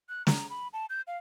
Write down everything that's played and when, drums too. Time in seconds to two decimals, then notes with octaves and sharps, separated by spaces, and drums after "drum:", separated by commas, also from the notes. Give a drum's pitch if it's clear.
0.09 F#6
0.27 A#5, drum: snare
0.49 B5
0.73 A5
0.90 G6
1.07 F5